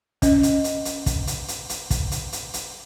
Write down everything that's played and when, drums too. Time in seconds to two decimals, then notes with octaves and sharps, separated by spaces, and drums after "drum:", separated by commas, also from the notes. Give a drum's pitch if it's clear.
0.22 C#4 D#5, drum: kick, hi-hat
0.43 drum: hi-hat
0.64 drum: hi-hat
0.85 drum: hi-hat
1.06 drum: kick, hi-hat
1.27 drum: hi-hat
1.48 drum: hi-hat
1.69 drum: hi-hat
1.90 drum: kick, hi-hat
2.12 drum: hi-hat
2.33 drum: hi-hat
2.54 drum: hi-hat